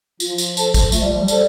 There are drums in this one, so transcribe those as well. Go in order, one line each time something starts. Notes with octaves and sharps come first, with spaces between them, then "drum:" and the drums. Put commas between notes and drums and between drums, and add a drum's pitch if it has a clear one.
F3 F4, drum: tambourine
drum: tambourine
A4 C5 A5, drum: tambourine
drum: kick, tambourine
A3 F4, drum: tambourine
G3
F3
G3
A4 C5 A5, drum: tambourine